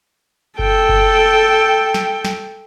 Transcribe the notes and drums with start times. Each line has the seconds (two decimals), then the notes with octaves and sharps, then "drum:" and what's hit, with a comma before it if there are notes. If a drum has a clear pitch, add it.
0.59 A4 G5, drum: kick F#1
0.89 drum: kick F#1
1.94 drum: snare
2.25 drum: snare